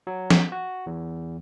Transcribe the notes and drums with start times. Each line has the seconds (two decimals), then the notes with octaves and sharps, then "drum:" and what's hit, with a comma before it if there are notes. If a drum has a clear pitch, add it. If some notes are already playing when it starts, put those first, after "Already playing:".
0.07 F#3
0.30 drum: snare
0.52 F#4
0.86 E2